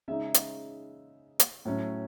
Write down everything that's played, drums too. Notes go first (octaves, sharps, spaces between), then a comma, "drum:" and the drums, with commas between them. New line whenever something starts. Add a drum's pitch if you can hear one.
C#3 G#3 D#4 E5
drum: hi-hat
drum: hi-hat
A2 F#3 C#4